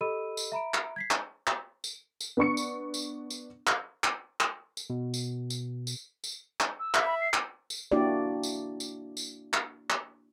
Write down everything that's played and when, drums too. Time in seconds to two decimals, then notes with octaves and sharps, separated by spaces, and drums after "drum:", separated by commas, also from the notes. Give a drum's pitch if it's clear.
0.01 G4 A4 D#5 B5 E6 D#7
0.37 drum: tambourine
0.52 E5 A#5 B5 D7
0.74 drum: clap
0.96 G#6 B6 C7
1.11 drum: clap
1.47 drum: clap
1.84 drum: tambourine
2.20 drum: tambourine
2.37 B3 D4 C#6 C#7
2.57 drum: tambourine
2.94 drum: tambourine
3.30 drum: tambourine
3.67 drum: clap
4.04 drum: clap
4.40 drum: clap
4.77 drum: tambourine
4.90 B2
5.14 drum: tambourine
5.50 drum: tambourine
5.87 drum: tambourine
6.24 drum: tambourine
6.60 drum: clap
6.79 E6
6.94 E5, drum: clap
7.06 B5
7.21 C7
7.34 drum: clap
7.70 drum: tambourine
7.92 A#3 D4 E4 F#4 G4 D5
8.43 drum: tambourine
8.80 drum: tambourine
9.17 drum: tambourine
9.53 drum: clap
9.90 drum: clap